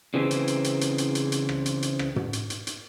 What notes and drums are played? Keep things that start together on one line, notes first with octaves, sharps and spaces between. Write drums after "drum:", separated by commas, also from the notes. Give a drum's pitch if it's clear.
C#3 E3 C4
drum: hi-hat
drum: hi-hat
drum: hi-hat
drum: hi-hat
drum: hi-hat
drum: hi-hat
drum: hi-hat
drum: rim click
drum: hi-hat
drum: hi-hat
drum: rim click
drum: tom
drum: hi-hat
drum: hi-hat
drum: hi-hat